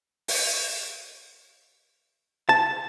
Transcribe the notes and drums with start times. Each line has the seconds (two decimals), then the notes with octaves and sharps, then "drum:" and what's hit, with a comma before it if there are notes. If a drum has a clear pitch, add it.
0.28 drum: open hi-hat
2.49 A5